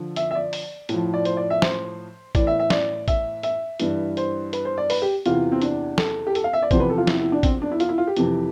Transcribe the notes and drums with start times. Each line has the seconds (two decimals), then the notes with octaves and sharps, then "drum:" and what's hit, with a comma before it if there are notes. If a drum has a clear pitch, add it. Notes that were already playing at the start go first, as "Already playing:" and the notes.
Already playing: D3 F3
0.16 E5, drum: hi-hat
0.31 E5
0.35 D5
0.53 drum: open hi-hat
0.89 A2, drum: hi-hat
0.94 F3
1.14 D5
1.25 C5, drum: hi-hat
1.37 D5
1.50 E5
1.62 C5, drum: snare
2.35 A2 E3 D5, drum: kick, hi-hat
2.47 E5
2.59 E5
2.70 D5, drum: snare
3.08 E5, drum: kick, hi-hat
3.43 E5, drum: hi-hat
3.79 G2 E3, drum: hi-hat
4.17 C5, drum: hi-hat
4.53 B4, drum: hi-hat
4.65 C5
4.78 D5
4.90 B4, drum: open hi-hat
5.02 G4
5.26 E2 C3 E3 F4, drum: hi-hat
5.52 C4
5.62 D4, drum: hi-hat
5.98 A4, drum: snare
6.27 G4
6.35 A4, drum: hi-hat
6.44 F5
6.53 E5
6.62 D5
6.71 E2 C3 F3 C5, drum: kick, hi-hat
6.80 B4
6.90 A4
6.98 F4
7.07 E4, drum: snare
7.20 E4
7.32 D4
7.43 C4, drum: kick, hi-hat
7.62 D4
7.72 E4
7.80 F4, drum: hi-hat
7.89 E4
7.98 F4
8.07 G4
8.17 F2 C3 E3, drum: hi-hat